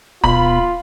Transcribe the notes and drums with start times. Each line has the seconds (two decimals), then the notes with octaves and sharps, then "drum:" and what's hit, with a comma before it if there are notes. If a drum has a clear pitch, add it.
0.24 B2 F4 B5, drum: kick D1